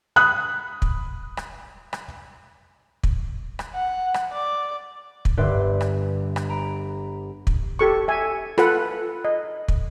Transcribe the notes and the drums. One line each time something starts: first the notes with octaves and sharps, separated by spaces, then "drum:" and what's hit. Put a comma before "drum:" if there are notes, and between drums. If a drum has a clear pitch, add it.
B5 D#6 F#6
drum: kick
drum: rim click
drum: rim click
drum: kick
drum: rim click
F#5
drum: rim click
D5
drum: kick
G1 G2 B4 D5 E5 C6
drum: rim click
drum: rim click
A#5 B5 D7
drum: kick
G4 A4 C#6
E5 G#5
F4 A4 B4 F#5, drum: rim click
D#5
drum: kick